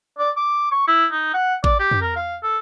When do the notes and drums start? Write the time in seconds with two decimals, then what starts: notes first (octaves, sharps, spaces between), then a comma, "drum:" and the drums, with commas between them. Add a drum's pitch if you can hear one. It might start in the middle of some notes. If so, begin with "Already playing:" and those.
0.19 D5
0.37 D6
0.71 C#6
0.87 E4
1.12 D#4
1.34 F#5
1.64 D5, drum: kick A1
1.80 G4
1.91 drum: tom
2.02 A#4
2.16 F5
2.43 A4